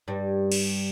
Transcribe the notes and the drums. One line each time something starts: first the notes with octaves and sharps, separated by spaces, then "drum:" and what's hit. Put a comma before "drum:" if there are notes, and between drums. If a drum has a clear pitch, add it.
G2 G3
drum: cymbal